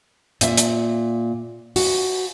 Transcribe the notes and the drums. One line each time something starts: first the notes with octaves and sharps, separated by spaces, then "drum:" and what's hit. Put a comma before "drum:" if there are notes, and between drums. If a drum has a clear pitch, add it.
A#2 E5, drum: hi-hat
drum: hi-hat
F#4, drum: open hi-hat